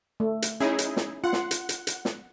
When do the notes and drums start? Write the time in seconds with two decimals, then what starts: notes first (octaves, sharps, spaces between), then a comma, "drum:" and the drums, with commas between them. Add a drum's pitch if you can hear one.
0.20 A3
0.42 drum: hi-hat
0.60 C#4 D#4 E4 G#4
0.79 drum: hi-hat
0.97 drum: snare
1.24 F4 F#5
1.33 drum: snare
1.51 drum: hi-hat
1.69 drum: hi-hat
1.87 drum: hi-hat
2.05 drum: snare